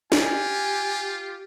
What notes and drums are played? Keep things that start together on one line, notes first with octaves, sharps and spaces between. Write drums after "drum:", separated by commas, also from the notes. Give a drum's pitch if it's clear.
F4 G4 G#5, drum: snare